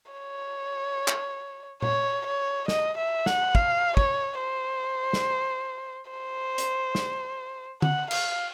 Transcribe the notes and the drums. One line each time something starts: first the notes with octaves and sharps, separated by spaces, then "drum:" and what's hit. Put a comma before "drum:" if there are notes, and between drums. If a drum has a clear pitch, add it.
C#5
drum: clap
C#5, drum: tom A#2
C#5
D#5, drum: snare
E5
F#5, drum: snare
F5, drum: kick
C#5, drum: kick
C5
drum: snare
C5
drum: hi-hat
drum: snare
F#5, drum: tom D3
F5, drum: cymbal